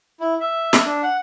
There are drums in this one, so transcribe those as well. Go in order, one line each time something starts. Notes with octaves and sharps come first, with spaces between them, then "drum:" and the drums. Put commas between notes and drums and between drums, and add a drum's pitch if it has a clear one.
E4
E5
drum: snare
D4
F#5